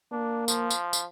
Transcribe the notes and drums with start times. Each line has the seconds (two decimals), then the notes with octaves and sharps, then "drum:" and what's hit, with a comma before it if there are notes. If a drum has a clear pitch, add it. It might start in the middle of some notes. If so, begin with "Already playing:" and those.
0.12 A#3 D4
0.48 F3, drum: tambourine
0.70 drum: tambourine
0.93 drum: tambourine